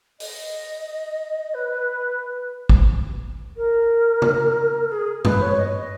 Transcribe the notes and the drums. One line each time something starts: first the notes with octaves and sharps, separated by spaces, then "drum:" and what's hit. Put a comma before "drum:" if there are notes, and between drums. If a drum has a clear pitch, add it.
D#5, drum: open hi-hat
B4
drum: kick
A#4
drum: tom C3
G#4
B4, drum: tom G2
C#5
D#5